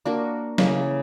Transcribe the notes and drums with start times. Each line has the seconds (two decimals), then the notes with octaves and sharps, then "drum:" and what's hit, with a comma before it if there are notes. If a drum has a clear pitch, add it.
0.05 A#3 D4 F#4 A#4
0.58 C#3 E3 A#3 C#4, drum: snare